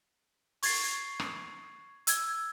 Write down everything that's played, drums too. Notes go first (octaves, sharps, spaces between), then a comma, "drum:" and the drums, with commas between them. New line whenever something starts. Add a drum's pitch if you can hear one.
C#6 G#6 A6 C7, drum: open hi-hat
drum: rim click
E6 G#6, drum: hi-hat